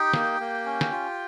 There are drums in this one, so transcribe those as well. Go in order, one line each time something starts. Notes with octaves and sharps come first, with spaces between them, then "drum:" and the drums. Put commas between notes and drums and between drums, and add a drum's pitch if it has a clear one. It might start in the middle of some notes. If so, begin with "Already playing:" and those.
Already playing: D#4 G4 G5
A#3, drum: snare
A#3
C#4
drum: snare
F4